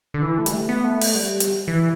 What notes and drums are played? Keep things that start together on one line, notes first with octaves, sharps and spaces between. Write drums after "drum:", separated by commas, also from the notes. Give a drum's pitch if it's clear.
D3
E3
A3
G3, drum: hi-hat
A3
B3
A3
drum: open hi-hat
G3
drum: hi-hat
E3